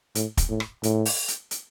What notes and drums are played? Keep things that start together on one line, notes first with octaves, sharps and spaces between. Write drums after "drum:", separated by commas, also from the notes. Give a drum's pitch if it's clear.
A2, drum: hi-hat
drum: kick, hi-hat
A2
drum: rim click
A2, drum: hi-hat
drum: open hi-hat
drum: hi-hat
drum: hi-hat